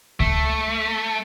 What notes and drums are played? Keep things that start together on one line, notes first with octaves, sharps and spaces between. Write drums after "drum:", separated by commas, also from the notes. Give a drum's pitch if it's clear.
A3, drum: kick C#2